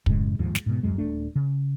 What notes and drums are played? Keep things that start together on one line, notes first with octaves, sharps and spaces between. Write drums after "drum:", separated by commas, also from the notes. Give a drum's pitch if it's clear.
F#2 A2 C#3 G#3, drum: kick
D1 D#2 G#2 F3
drum: snare
G#2 B2
D1 F#2 G#3
D#1 A3 D4
C#3